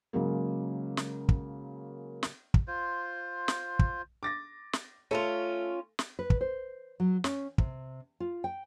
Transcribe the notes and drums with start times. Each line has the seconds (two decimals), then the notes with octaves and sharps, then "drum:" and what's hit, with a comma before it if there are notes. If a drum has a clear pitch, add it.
0.13 C#3 F#3 G#3 A#3
0.97 drum: snare
1.29 drum: kick
2.23 drum: snare
2.54 drum: kick
2.68 F4 C5
3.48 drum: snare
3.79 drum: kick
4.23 D6 A6 A#6
4.73 drum: snare
5.11 A3 C#4 E4 F4 A4
5.99 drum: snare
6.19 B4
6.30 drum: kick
6.41 C5
7.00 F#3
7.24 C#4, drum: snare
7.58 C3, drum: kick
8.20 F4
8.44 G5